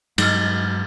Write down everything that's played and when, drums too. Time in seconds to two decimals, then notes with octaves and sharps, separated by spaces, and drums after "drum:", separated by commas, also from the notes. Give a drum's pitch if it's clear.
0.18 G2 F#3 G#3 D#4 F6, drum: cymbal